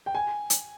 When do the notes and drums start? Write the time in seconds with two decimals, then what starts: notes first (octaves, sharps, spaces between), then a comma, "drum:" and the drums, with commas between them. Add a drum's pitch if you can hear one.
0.06 G5
0.15 G#5
0.50 drum: hi-hat